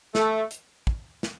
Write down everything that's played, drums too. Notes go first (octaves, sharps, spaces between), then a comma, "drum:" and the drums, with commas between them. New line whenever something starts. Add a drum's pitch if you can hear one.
A3, drum: snare
drum: hi-hat
drum: kick
drum: snare